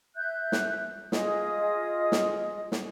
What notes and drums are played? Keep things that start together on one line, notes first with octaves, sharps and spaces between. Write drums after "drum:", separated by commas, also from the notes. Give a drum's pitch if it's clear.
E5 F#6 G6
drum: snare
F4 G#4 D#5 D#6, drum: snare
drum: snare
drum: snare